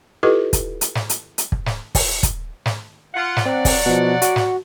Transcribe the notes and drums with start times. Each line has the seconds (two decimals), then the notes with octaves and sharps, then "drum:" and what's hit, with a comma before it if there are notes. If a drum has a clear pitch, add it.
0.23 E4 F4 G4 A4 B4 D#5
0.53 drum: kick, hi-hat
0.81 drum: hi-hat
0.95 drum: snare
1.09 drum: hi-hat
1.38 drum: hi-hat
1.52 drum: kick
1.66 drum: snare
1.95 drum: kick, open hi-hat
2.23 drum: kick, hi-hat
2.66 drum: snare
3.14 F4 F#5
3.37 drum: snare
3.46 F#3 C4 D5 F#5
3.65 drum: kick, open hi-hat
3.86 B2 F3
4.22 F#4, drum: hi-hat
4.36 drum: snare